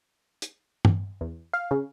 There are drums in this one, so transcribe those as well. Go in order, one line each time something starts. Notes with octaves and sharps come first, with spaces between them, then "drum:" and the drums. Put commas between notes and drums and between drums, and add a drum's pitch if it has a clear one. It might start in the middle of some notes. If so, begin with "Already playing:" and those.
drum: hi-hat
drum: tom G2
E2
F5
C#3